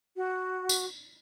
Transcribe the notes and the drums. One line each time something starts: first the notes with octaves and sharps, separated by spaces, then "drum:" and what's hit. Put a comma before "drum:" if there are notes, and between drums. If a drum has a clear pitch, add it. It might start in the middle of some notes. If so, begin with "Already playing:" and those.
F#4
drum: tambourine